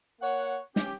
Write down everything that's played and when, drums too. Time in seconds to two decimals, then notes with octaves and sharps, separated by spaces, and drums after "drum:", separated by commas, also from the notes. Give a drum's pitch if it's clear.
0.20 A#3 C#5 F#5
0.76 C#4 G4, drum: snare